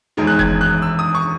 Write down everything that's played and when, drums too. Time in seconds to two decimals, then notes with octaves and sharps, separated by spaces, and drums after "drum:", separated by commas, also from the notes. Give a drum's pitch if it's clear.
0.17 E1 E2 D#3 G#3
0.27 F#6
0.39 G#6, drum: kick F#1
0.61 F#6
0.82 E6
0.99 D#6
1.15 C#6